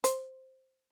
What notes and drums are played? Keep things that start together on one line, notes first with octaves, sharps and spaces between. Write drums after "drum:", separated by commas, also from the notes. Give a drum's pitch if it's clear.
C5, drum: hi-hat